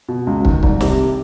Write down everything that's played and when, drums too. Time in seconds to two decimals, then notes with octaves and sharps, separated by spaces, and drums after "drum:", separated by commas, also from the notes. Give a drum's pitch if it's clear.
0.09 B2
0.27 C#2
0.45 D#3, drum: kick
0.63 C2, drum: kick
0.81 C3, drum: snare